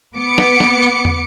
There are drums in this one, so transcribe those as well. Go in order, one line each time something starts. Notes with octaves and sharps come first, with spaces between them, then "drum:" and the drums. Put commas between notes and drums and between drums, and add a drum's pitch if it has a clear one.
B3 D6 C#7
drum: snare
drum: snare
drum: tambourine
drum: tom